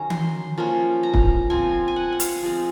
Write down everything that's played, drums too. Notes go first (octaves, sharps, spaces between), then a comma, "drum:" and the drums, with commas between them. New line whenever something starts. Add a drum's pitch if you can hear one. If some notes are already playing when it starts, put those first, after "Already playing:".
Already playing: D#3 F#3 C#4 A#5
C6, drum: tom D#3
F3 A#3 C#4
A#5
drum: kick
F3 C4 G#5
G#5
F#5
F#5
F5, drum: hi-hat
F3 G#3 C4